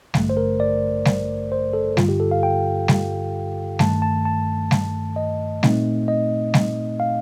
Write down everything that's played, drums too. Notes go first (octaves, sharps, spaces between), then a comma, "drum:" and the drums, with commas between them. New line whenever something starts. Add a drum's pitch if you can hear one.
A1 G2 D3 A3, drum: snare G3
C5
A#4
D5
drum: snare G3
C5
A4
G2 D3 G3 F4, drum: snare G3
G4
A4
F5
G5
drum: snare G3
G2 D#3 A3 A5, drum: snare G3
A5
A5
drum: snare G3
D#5
A#2 A3 C4 D#4, drum: snare G3
D#5
drum: snare G3
F5